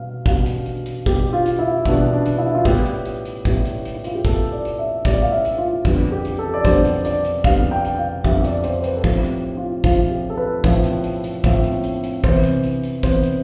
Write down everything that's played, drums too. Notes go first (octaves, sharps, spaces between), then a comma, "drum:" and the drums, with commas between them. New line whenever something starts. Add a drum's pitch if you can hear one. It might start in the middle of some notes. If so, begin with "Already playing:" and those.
Already playing: B2 G3 B3 F5
B2 G3 B3 F5, drum: kick, hi-hat
drum: hi-hat
drum: hi-hat
drum: hi-hat
B2 G3 B3 G4, drum: kick, hi-hat
F4
drum: hi-hat
E4
B2 G3 B3 D4, drum: kick, hi-hat
D4
drum: hi-hat
E4
F4
A2 G3 B3 G4, drum: kick, hi-hat
drum: hi-hat
drum: hi-hat
drum: hi-hat
A2 G3 B3, drum: kick, hi-hat
drum: hi-hat
drum: hi-hat
E4
F4, drum: hi-hat
G4
A2 G3 B3 A4, drum: kick, hi-hat
D5
drum: hi-hat
E5
A2 G3 B3 D5, drum: kick, hi-hat
F5
E5
drum: hi-hat
F4
F2 D3 G3 B3, drum: kick, hi-hat
G4
drum: hi-hat
A4
D5
F2 D3 G3 B3 C5, drum: kick, hi-hat
drum: hi-hat
D5, drum: hi-hat
drum: hi-hat
F2 D3 G3 B3 F5, drum: kick, hi-hat
G5
drum: hi-hat
F5
F2 D3 G3 B3 E5, drum: kick, hi-hat
D5, drum: hi-hat
C5, drum: hi-hat
C5
B4, drum: hi-hat
A4
A2 F3 C4 G4, drum: kick, hi-hat
drum: hi-hat
F4
A2 F3 C4 F4, drum: kick, hi-hat
G4
A4
B4
A2 F3 C4, drum: kick, hi-hat
drum: hi-hat
drum: hi-hat
drum: hi-hat
A2 F3 C4, drum: kick, hi-hat
drum: hi-hat
drum: hi-hat
drum: hi-hat
C3 E3 B3 C5, drum: kick, hi-hat
drum: hi-hat
drum: hi-hat
drum: hi-hat
C3 E3 B3 C5, drum: kick, hi-hat
drum: hi-hat